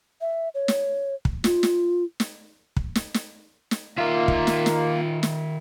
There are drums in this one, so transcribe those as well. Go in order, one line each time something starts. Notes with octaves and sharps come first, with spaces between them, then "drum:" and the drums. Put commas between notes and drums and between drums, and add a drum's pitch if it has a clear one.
E5
C#5
drum: snare
drum: kick
F4, drum: snare
drum: snare
drum: snare
drum: kick
drum: snare
drum: snare
drum: snare
D#3 A#3 F4 E5 F5
drum: kick
drum: snare
drum: snare
drum: snare